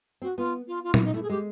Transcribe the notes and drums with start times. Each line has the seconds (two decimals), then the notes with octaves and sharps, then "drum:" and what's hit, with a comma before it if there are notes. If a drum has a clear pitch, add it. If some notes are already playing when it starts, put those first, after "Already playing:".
0.22 C4 F#4
0.37 B3 F4
0.67 F4
0.83 F4
0.94 E4, drum: tom A#2
1.04 D#4
1.14 A3 E4
1.22 G#4
1.30 G#3 G4